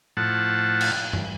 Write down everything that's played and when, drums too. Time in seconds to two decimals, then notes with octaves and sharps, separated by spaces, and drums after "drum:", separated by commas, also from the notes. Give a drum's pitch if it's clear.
0.17 A2 F3 F#5 A5
0.81 drum: cymbal
1.13 drum: tom G2